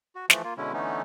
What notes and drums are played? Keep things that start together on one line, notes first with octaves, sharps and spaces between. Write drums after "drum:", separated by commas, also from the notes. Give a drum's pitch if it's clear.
F#4
E3 F3 A3, drum: snare
A#3 F4
B2 D3 G#3 C#4 E4
D3 E3 A3 B3 C#4 D#4